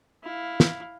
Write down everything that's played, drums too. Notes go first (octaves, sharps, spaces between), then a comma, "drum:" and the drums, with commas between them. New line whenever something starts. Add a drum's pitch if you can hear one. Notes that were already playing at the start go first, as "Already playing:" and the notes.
E4 F5
drum: snare